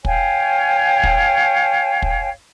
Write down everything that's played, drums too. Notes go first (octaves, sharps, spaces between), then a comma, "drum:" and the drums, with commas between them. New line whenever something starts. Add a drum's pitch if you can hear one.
C#5 F5 G5 G#5, drum: kick
drum: kick
drum: kick